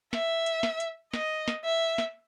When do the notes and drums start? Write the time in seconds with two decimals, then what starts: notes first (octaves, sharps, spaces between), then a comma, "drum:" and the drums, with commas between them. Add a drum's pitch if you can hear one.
0.13 E5, drum: snare
0.46 drum: hi-hat
0.63 drum: snare
0.80 drum: hi-hat
1.14 D#5, drum: snare
1.48 drum: snare
1.65 E5
1.98 drum: snare